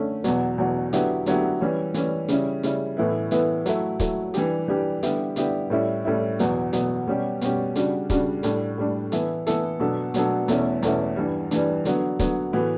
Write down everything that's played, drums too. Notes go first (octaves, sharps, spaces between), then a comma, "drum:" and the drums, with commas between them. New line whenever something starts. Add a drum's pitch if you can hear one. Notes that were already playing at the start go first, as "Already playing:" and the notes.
Already playing: D3 A3 C#4
E2 B2 F#3, drum: hi-hat
E2 B2 F#3
D3 F#3 B3 E4 G4, drum: hi-hat
D3 F#3 B3 E4 G4, drum: hi-hat
E3 G3 C#4
E3 G3 C#4, drum: hi-hat
C#3 G3 C#4 E4, drum: hi-hat
C#3 G3 C#4 E4, drum: hi-hat
A2 E3 B3 E4 B4
A2 E3 B3 E4 B4, drum: hi-hat
F#3 A3 E4, drum: hi-hat
F#3 A3 E4, drum: kick, hi-hat
E3 G3 D4 G4, drum: hi-hat
E3 G3 D4 G4
D3 G3 B3 E4 G4, drum: hi-hat
D3 G3 B3 E4 G4, drum: hi-hat
A2 G3 C#4 E4
A2 G3 C#4 E4
E2 B2 F#3 B3, drum: hi-hat
E2 B2 F#3 B3, drum: hi-hat
B2 G3 C#4 G4
B2 G3 C#4 G4, drum: hi-hat
C#3 G3 D4 F#4, drum: hi-hat
C#3 G3 D4 F#4, drum: kick, hi-hat
A2 G3 D4, drum: hi-hat
A2 G3 D4
E3 B3 E4 A4, drum: hi-hat
E3 B3 E4 A4, drum: hi-hat
B2 F#3 B3 D4 A4
B2 F#3 B3 D4 A4, drum: hi-hat
E2 B2 A3 C#4 E4, drum: hi-hat
E2 B2 A3 C#4 E4, drum: hi-hat
G2 E3 G3
G2 E3 G3, drum: hi-hat
D3 F#3 B3, drum: hi-hat
D3 F#3 B3, drum: kick, hi-hat
A2 E3 B3 F#4 B4